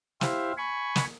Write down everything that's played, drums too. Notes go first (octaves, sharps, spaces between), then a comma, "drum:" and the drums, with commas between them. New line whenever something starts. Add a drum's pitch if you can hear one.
E4 G4 C5 E5 F5, drum: snare
G#5 B5 C#6
drum: snare